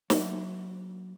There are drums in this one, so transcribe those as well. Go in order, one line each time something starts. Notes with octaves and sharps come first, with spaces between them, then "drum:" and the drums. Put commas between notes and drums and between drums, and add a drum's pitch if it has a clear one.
F#3 A#3 D4 F#4 E5, drum: snare